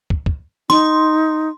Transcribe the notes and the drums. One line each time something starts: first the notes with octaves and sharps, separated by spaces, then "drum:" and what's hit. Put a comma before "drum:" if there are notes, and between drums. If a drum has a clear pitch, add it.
drum: kick
drum: kick
D#4 C6, drum: snare